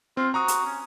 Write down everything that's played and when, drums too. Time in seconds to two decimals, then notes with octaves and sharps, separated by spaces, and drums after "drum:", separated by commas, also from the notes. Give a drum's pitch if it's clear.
0.17 C4 F4
0.34 F#4 A#5 C#6 D#6
0.48 drum: hi-hat
0.65 C#4